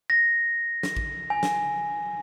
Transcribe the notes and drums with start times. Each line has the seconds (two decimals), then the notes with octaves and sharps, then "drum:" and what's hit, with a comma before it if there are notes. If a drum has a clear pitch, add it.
0.10 A#6
0.83 drum: snare
0.97 drum: kick A1
1.30 G#5
1.43 drum: snare